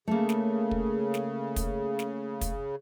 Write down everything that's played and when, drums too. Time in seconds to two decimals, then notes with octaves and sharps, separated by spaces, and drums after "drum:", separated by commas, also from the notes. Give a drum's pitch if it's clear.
0.08 C#3 A3 A#3
0.29 drum: snare
0.71 drum: kick
1.14 drum: snare
1.56 drum: kick, hi-hat
1.99 drum: snare
2.41 drum: kick, hi-hat